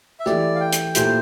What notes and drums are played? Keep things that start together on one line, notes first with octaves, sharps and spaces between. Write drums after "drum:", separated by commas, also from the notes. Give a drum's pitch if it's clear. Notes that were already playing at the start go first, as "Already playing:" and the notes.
E5
E3 A3 E4 G4 D5, drum: rim click
F5
G5
drum: hi-hat
A#2 A3 E4 G4 C5, drum: hi-hat